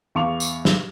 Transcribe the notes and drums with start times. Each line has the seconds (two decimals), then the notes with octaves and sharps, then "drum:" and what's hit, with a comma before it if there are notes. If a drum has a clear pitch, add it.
0.15 E2 F5 C#6 D6 F7
0.40 drum: tambourine
0.65 drum: snare